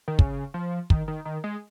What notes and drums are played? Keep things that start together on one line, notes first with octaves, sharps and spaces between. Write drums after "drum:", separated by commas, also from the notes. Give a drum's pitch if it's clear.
D#3
C#3, drum: kick
F3
D#3, drum: kick
D#3
D#3
G#3